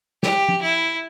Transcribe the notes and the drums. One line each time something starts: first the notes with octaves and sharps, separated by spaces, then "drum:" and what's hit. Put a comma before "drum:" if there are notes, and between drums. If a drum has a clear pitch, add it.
G4, drum: snare
drum: tom F3
E4